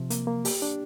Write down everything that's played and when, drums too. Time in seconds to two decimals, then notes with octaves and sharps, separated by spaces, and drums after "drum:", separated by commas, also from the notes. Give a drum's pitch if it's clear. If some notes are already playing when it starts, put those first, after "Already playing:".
Already playing: C3 F3
0.10 A#3, drum: hi-hat
0.27 A#3
0.45 G4, drum: open hi-hat
0.62 D4